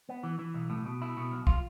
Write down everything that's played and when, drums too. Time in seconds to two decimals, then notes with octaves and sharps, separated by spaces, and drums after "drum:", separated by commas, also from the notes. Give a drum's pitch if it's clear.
0.09 B3
0.23 E3
0.39 E3
0.54 B1
0.70 A2
0.86 B2
1.02 E4
1.17 B2
1.32 B1
1.47 F4, drum: kick